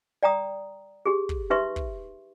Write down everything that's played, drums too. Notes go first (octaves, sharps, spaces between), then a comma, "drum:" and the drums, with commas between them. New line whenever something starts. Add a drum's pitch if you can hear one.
D5 G5 A#5 D#6
G4 G#4
drum: kick
D#4 G4 B4 E5 C6 C#6
drum: kick